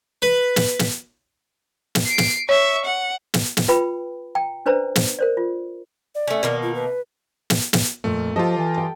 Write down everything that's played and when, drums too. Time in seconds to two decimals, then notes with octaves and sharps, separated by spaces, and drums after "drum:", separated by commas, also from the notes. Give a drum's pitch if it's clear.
0.22 B4
0.56 drum: snare
0.79 drum: snare
1.95 drum: snare
2.07 C7 D7
2.18 drum: snare
2.49 C#5 E5 C#6
2.85 F#5
3.34 drum: snare
3.57 drum: snare
3.68 F4 B4 G5 B5
4.35 G5 A#5
4.66 C#4 D4 B4 C5 D5 A#5
4.95 drum: snare
5.19 A#4 C5 D5
5.37 F4
6.15 D5
6.28 A3 C#4
6.43 B2 D#3 A#3
6.63 F4
6.75 B4
7.50 drum: snare
7.73 drum: snare
8.04 F2 A#2 A3
8.36 F3 F4 G4 A4 D#5
8.58 E3
8.78 G5